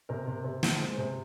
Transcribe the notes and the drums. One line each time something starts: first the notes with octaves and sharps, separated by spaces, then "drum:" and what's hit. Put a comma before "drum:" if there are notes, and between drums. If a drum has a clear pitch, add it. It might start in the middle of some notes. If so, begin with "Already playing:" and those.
C3 A#4
C3
C3
F3, drum: snare
G#3 C5
C3